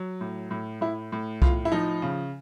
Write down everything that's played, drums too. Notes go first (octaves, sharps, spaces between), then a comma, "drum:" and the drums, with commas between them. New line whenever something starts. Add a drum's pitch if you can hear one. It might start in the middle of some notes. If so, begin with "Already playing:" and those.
Already playing: F#3
A2
A2
A2 E4
A2
A2 F4, drum: kick C2
E4
F3 D#4
C#3